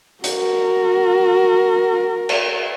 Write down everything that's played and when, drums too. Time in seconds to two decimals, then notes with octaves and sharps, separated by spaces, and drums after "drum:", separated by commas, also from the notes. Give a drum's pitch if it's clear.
0.24 F#4 A#4, drum: hi-hat
2.29 drum: cymbal